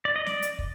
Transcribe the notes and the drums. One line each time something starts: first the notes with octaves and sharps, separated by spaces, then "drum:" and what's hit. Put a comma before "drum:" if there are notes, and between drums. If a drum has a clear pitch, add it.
D5
D#5
D5, drum: snare
drum: hi-hat
drum: kick